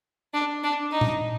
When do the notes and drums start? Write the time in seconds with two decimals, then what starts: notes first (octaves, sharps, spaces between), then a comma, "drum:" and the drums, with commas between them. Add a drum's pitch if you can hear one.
0.34 D4
0.64 D4
0.91 D#4
1.01 drum: tom A#2